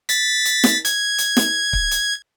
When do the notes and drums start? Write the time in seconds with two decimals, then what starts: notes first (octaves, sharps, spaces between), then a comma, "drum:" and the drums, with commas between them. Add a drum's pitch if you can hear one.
0.09 A6 B6, drum: hi-hat
0.45 drum: hi-hat
0.64 drum: snare
0.85 G#6, drum: hi-hat
1.18 drum: hi-hat
1.37 drum: snare
1.73 drum: kick C#1
1.91 drum: hi-hat